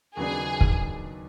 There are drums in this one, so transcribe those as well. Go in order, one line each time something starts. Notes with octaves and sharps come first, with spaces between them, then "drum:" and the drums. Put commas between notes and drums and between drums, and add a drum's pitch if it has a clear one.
D#2 C#3 F#3 B3 D4 G#4
drum: kick